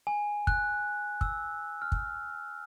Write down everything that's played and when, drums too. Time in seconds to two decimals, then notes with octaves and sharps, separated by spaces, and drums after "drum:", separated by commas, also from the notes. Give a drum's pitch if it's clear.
0.07 G#5
0.47 F#6, drum: kick
1.21 E6, drum: kick
1.82 F6
1.92 drum: kick